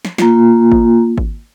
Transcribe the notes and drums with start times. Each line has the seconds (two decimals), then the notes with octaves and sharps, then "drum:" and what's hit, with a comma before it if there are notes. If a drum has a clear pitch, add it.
0.05 drum: snare
0.18 A#3 F4, drum: snare
0.72 drum: kick G#1
1.18 drum: kick G#1